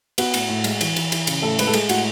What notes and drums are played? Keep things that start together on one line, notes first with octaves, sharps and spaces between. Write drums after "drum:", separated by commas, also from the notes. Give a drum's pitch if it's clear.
B3 F#4, drum: cymbal
A2, drum: cymbal
A2
G#3, drum: cymbal
E3, drum: cymbal
E3, drum: cymbal
E3, drum: cymbal
C#3, drum: cymbal
A2 A4
G#3 B4, drum: cymbal
A4
G#3 G#4, drum: cymbal
A2 F#4, drum: cymbal